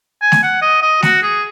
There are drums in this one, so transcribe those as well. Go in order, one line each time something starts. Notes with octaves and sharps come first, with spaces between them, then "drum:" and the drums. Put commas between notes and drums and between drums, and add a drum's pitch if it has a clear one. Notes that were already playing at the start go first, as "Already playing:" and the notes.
G#5
drum: snare A3
F#5
D#5
D#5
F#4, drum: snare A3
G#4